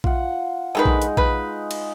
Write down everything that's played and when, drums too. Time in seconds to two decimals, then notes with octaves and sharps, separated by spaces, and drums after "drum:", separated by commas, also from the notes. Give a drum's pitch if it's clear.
0.04 F4 F#5, drum: kick A#1
0.75 D3 D#3 G#3 D#4 B4
0.85 drum: kick A#1
1.02 drum: hi-hat
1.17 B4, drum: kick A#1
1.71 drum: cymbal